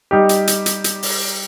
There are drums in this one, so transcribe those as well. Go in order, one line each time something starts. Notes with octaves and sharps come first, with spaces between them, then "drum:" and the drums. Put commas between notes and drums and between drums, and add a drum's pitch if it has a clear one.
G3 D#4 G4
drum: hi-hat
drum: hi-hat
drum: hi-hat
drum: hi-hat
drum: open hi-hat